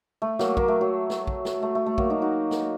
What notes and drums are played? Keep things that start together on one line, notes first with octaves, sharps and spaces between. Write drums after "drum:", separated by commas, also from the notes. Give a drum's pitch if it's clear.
A3
F#3 A#3, drum: snare
F#3 A#3, drum: kick
A3
F#3
drum: snare
drum: kick
drum: snare
A3
A3
A3
F#3 A#3, drum: kick
D#4 F#4
D#4 F#4
drum: snare